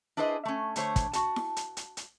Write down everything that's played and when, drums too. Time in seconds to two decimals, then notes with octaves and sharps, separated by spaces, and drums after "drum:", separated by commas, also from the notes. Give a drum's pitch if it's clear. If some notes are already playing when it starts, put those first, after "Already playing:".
0.17 D4 E4 G#4 B4 C5 D#5
0.45 A3 C#4
0.76 D3 A3 C5 C#5, drum: hi-hat
0.96 drum: kick, hi-hat
1.13 F#4 A5, drum: hi-hat
1.36 drum: snare E4
1.56 drum: hi-hat
1.77 drum: hi-hat
1.97 drum: hi-hat